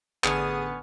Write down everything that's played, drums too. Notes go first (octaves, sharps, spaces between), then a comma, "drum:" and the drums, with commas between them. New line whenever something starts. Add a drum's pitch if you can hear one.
A1 D3 B3 G#4 G#5 A5 C#6 F6, drum: clap